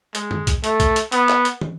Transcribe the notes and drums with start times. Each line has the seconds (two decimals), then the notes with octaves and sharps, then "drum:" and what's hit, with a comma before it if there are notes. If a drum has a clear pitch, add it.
0.15 G#3, drum: hi-hat
0.31 drum: tom
0.47 drum: kick B1, hi-hat
0.64 A3, drum: hi-hat
0.80 drum: kick B1, hi-hat
0.96 drum: hi-hat
1.12 B3, drum: hi-hat
1.29 drum: clap
1.45 drum: hi-hat
1.61 drum: tom